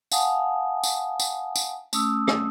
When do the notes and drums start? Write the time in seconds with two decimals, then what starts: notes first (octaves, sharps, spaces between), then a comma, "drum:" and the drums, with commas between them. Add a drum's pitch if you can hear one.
0.11 F5 F#5 G#5 A5 D#6, drum: tambourine
0.84 drum: tambourine
1.20 drum: tambourine
1.56 drum: tambourine
1.93 A3 C#4 D#6 E6, drum: tambourine
2.28 drum: rim click